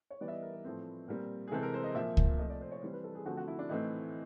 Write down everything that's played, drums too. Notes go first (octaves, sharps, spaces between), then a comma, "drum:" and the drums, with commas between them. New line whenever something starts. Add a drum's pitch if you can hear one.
C#5
E3 G3 B3 D5
E5
D#5
A#4
B4
A2 F3 A3 C4
A#2 G3 C4 A#4
G#4
C3 E3 G#3 C4 A4
A#4
C5
D#5
A#2 F3 A#3 E5
drum: kick C#2
C3 F3 A3 D#5
D5
C5
C#5
E3 G3 C4 C5
B4
A4
G#4
D3 F3 A3 C4 F#4
F#4
E4
D4
A2 E3 A3 C4 D#4